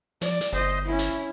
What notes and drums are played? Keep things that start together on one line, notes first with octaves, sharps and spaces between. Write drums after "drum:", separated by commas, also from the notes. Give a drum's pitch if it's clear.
F3 D5, drum: hi-hat
drum: hi-hat
G1 C5 D#5
C#4 E4
drum: hi-hat